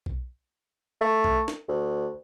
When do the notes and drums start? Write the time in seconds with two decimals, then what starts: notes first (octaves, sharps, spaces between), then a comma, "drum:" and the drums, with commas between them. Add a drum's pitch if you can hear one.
0.06 drum: kick B1
1.01 A3
1.24 drum: kick B1
1.48 drum: snare
1.68 D2